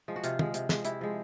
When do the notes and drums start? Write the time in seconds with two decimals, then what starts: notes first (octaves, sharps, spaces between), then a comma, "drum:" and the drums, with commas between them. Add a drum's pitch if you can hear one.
0.08 F3 G#3
0.16 F#4
0.24 C3 F4, drum: hi-hat
0.39 F3 G#3, drum: tom
0.54 C3, drum: hi-hat
0.69 F3 G#3, drum: snare
0.85 C3 E4, drum: hi-hat
1.01 F3 G#3